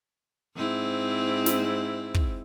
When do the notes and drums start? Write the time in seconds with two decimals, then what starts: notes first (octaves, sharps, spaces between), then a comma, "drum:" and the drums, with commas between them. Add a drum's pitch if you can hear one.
0.55 G#2 C4 E4
1.46 drum: snare
2.14 drum: kick